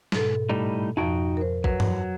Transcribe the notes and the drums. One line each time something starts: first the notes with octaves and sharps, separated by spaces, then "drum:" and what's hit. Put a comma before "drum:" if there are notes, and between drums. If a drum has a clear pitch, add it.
G#2 B2 A4, drum: snare
A2 G3 D#4
F2 F3 D#4 F#4 G5
A#4 C5
F#3 B4, drum: kick
drum: tom G2